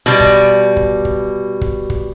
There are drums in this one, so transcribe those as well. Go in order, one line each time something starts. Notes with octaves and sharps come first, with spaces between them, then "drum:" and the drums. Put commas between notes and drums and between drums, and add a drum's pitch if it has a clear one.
B2 G3
drum: kick
drum: kick
drum: kick
drum: kick
drum: kick